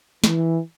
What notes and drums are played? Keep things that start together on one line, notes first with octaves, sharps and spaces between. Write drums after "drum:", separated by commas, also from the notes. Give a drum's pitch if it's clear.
E3, drum: snare